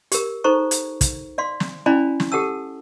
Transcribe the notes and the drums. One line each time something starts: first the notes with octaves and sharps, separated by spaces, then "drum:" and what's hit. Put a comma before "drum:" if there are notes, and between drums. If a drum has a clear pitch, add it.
G4 A#4, drum: hi-hat
D#4 A4 C5 A#5 C#6
drum: hi-hat
drum: kick, hi-hat
D5 F5 C6
drum: snare
C#4 E4 D5 F5 G#5 B5
drum: snare
G4 A4 F#5 A5 E6